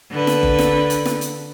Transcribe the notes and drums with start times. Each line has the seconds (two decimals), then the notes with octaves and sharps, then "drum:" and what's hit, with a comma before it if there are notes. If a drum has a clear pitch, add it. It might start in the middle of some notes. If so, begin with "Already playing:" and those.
0.12 D3 B4
0.27 drum: snare
0.43 drum: kick F#1
0.59 drum: snare
0.90 drum: hi-hat
1.06 drum: snare
1.21 drum: hi-hat